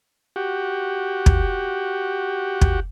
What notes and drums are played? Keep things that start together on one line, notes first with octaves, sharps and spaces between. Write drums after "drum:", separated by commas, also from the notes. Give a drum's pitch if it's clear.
F#4 G4
drum: kick
drum: kick